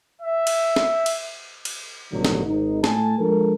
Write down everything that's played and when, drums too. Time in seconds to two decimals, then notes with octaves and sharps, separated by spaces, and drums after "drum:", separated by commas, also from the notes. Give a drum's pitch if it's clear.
0.21 E5
0.47 drum: cymbal
0.76 drum: snare
1.06 drum: cymbal
1.65 drum: cymbal
2.11 A1 G2 B2 D3 D#3 F#3
2.25 drum: snare
2.46 G#1 D#4
2.84 A2 A3 G#5 A5, drum: snare
3.19 F3 G#3 D4 A4 A#4